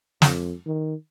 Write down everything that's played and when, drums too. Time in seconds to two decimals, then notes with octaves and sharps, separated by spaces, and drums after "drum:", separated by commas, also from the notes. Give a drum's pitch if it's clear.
0.22 F2, drum: snare
0.66 D#3